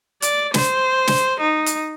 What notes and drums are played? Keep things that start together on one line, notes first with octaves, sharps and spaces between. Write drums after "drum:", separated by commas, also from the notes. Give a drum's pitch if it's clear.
D5, drum: hi-hat
C5, drum: snare
drum: snare
D#4
drum: hi-hat